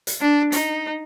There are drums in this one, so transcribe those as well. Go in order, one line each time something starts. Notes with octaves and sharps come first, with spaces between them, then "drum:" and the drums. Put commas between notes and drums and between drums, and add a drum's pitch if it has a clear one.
drum: hi-hat
D4
D#4, drum: hi-hat